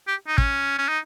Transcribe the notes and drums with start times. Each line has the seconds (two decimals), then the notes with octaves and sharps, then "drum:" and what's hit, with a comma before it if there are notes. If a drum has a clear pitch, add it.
0.08 G4
0.28 D#4
0.38 C#4, drum: kick
0.78 C#4
0.89 D#4